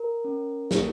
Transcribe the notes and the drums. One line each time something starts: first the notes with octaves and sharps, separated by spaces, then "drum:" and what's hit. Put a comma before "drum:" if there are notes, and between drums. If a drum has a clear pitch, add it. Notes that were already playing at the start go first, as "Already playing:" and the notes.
Already playing: A#4
C#4
A#3, drum: snare